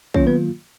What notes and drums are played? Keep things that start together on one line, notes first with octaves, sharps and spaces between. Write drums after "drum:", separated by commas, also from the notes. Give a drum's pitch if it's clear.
D#3 F#3 A#3 C#4 F4 C#5, drum: kick A#1
B3 B4